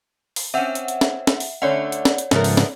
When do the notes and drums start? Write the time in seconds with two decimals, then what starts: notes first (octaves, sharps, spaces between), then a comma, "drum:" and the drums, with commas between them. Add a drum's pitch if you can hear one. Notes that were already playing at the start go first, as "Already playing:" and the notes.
0.36 drum: open hi-hat
0.54 C4 C#4 E5 F#5
0.75 drum: hi-hat
0.88 drum: hi-hat
1.01 drum: snare
1.27 drum: snare
1.40 drum: open hi-hat
1.62 D3 A3 C#4 C#5 D5 F#5
1.92 drum: hi-hat
2.05 drum: snare
2.18 drum: hi-hat
2.31 G#2 C#3 F3 A3 B3 A#4, drum: snare
2.44 drum: open hi-hat
2.57 drum: snare